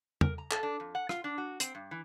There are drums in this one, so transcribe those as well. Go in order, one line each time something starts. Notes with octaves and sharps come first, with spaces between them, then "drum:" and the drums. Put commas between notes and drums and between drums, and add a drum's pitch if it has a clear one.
A#4, drum: tom
A#5
A4, drum: clap
D4
F2
F#5
F4, drum: rim click
D4
F#4
C4, drum: hi-hat
G2
E3